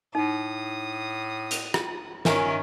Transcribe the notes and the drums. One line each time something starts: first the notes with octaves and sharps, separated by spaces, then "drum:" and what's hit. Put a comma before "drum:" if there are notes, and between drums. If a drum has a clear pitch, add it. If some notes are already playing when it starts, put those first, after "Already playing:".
A2 D#4 D#6
drum: hi-hat
drum: rim click
D#3 C#4 A#4 E5 G#5, drum: snare